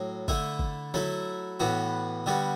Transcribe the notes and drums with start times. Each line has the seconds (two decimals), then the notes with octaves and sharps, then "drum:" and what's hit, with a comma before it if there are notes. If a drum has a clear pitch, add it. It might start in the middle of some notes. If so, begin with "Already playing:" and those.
Already playing: A2 F#3
0.28 D3 A3 E4, drum: kick G1
0.59 drum: kick G1
0.94 F#3 A3 E4, drum: tom D3
1.60 A2 E3 B3 F#4
2.26 D3 G3 B3 F#4